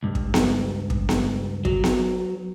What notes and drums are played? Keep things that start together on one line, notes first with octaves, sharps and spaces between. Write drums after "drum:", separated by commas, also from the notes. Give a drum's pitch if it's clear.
C#2 G2
drum: kick
drum: snare B3
drum: kick
drum: snare B3
F#3, drum: kick
drum: snare B3